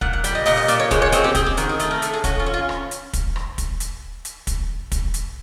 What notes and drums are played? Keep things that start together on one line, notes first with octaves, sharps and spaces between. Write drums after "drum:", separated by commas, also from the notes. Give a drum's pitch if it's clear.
A#2 F#5, drum: kick
F#5
G3, drum: hi-hat
D#5
A#2 D#5, drum: open hi-hat
D#5
A#2 D5, drum: hi-hat
C#5
G#3 C5, drum: kick, hi-hat
C#5
C4 G#4, drum: hi-hat
G4
C4 G#4, drum: kick, hi-hat
G4
D#3 F#4, drum: hi-hat
G#4
A3 A4, drum: hi-hat
A#4
A2 A4, drum: hi-hat
G#4
C#4 F#4, drum: kick, hi-hat
F4
C#4
F4
drum: rim click
drum: hi-hat
drum: kick, hi-hat
drum: rim click
drum: kick, hi-hat
drum: hi-hat
drum: hi-hat
drum: kick, hi-hat
drum: kick, hi-hat
drum: hi-hat